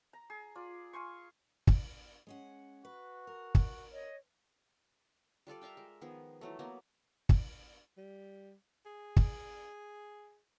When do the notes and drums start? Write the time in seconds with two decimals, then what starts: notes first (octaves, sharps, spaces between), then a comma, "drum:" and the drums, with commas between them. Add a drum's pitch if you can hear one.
0.13 A#5
0.30 G#4
0.55 F4 D5
0.93 F5 G#5 C6 C#6
1.67 drum: kick
2.27 G#3 C#4 F#5
2.85 F#4 B4
3.27 A#4
3.55 drum: kick
3.93 C#5 D#5
5.47 G3 F4 A4 D5
5.62 A#4 E5 F5 G5
5.77 G#3
6.01 D#3 F3 B3 G#4
6.41 E3 F#3 A3
6.59 F#3 A#3 B3
7.29 drum: kick
7.97 G3
8.86 G#4
9.17 drum: kick